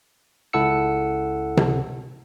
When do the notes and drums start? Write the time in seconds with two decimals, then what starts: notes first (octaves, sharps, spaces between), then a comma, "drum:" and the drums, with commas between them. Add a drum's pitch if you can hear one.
0.53 C#2 E4 A4 F#5 E6 C#7
1.57 drum: tom C3